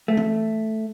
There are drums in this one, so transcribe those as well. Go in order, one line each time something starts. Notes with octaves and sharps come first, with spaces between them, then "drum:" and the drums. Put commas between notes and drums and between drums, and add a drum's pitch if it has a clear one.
A3
drum: tom E3